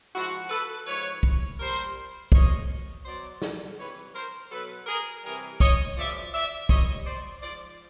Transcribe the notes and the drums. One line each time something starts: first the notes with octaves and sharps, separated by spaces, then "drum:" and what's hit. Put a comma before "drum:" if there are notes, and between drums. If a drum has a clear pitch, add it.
G#2 F3 E4 F#4
A4 B4
G#2 F3 B4 C#5
drum: kick
A#2 G3 A#4 C5
A#2 F3 C#5 D#5, drum: kick
B2 F#3 C5 D5
drum: snare
C3 E3 G3 B4 C#5
A#4 C5
B2 F#3 A4 B4
G#4 A#4
C3 E3 G3 G#4 A#4
C#5 D#5, drum: kick
F#2 C#3 F3 D5 E5
D5 E5
A#2 G3 C#5 D#5, drum: kick
C5 D5
G#2 F3 C5 D5